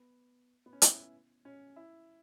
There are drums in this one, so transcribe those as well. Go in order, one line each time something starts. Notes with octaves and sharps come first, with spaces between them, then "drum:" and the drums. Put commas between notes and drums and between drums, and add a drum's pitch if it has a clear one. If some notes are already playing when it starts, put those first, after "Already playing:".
Already playing: B3
B3
C#4
E4, drum: hi-hat
C#4
E4